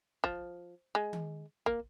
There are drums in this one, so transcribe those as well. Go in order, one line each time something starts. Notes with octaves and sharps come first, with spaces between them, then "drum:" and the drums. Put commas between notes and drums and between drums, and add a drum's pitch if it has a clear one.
F3, drum: kick
G#3
drum: tom D#3
A#3, drum: kick